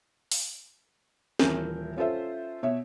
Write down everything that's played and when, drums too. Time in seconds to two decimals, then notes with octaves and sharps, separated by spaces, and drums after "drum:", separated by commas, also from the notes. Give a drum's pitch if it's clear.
0.32 drum: open hi-hat
1.39 D#1 E3 A#4 G6, drum: snare
1.97 C#4 F4 A4 C5 E5
2.63 B2 C#5 E5